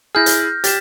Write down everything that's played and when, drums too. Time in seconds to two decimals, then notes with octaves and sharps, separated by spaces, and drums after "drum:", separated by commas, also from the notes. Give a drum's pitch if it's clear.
0.15 E4 G#4 F6 G6 A#6
0.26 drum: hi-hat
0.64 G4 A6 B6 E7, drum: hi-hat